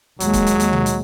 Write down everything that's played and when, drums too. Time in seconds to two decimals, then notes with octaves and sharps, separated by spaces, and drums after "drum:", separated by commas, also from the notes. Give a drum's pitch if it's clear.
0.20 D#2 F#3 G#3, drum: hi-hat
0.33 drum: kick, hi-hat
0.47 drum: hi-hat
0.60 drum: hi-hat
0.73 drum: tom B2
0.86 drum: hi-hat